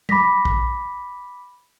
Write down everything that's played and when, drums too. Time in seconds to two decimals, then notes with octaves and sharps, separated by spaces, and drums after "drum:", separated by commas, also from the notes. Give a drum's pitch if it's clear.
0.09 B5 D6 A#6 B6, drum: tom
0.45 drum: kick